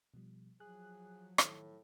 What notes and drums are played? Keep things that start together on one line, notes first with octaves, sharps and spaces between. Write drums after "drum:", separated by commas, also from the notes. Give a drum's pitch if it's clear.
B2 F3 G3
F3 F#3 G#4 F#6
A2 D#3, drum: rim click